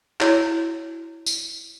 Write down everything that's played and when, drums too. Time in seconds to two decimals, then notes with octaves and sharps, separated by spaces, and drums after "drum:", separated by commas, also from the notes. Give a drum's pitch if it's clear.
0.21 E4 F#4 C#5 A5, drum: clap
1.26 drum: tambourine